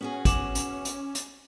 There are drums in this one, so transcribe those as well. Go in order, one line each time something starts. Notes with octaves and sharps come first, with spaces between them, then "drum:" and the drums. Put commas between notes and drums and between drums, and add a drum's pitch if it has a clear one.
B3 C#4 F#4 G#4
D6 E7 F#7, drum: kick, hi-hat
drum: hi-hat
drum: hi-hat
drum: hi-hat